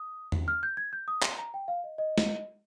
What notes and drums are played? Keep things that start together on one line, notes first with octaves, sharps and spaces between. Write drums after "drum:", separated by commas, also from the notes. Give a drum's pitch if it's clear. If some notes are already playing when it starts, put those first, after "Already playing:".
Already playing: D#6
drum: tom
F6
G6
G#6
G6
D#6
C6, drum: clap
A#5
G5
F5
D#5
D#5
drum: snare